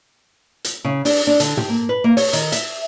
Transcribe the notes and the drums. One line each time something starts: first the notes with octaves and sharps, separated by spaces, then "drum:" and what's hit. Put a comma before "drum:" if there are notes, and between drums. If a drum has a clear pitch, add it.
drum: hi-hat
C#3
D4, drum: open hi-hat
D4
D3, drum: hi-hat
G4, drum: tom
A#3
B4
A#3
C#5, drum: open hi-hat
D#3, drum: hi-hat
E5, drum: hi-hat